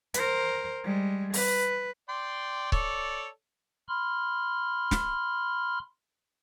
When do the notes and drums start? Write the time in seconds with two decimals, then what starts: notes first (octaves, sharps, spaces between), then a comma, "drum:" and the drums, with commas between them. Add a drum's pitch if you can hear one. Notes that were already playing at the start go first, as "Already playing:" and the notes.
0.14 A#4 C5, drum: hi-hat
0.84 G3 G#3
1.34 B4, drum: open hi-hat
2.09 D5 G5 C6
2.72 A4 C#5 D5, drum: kick C#1
3.89 B5 C6 F6
4.91 drum: snare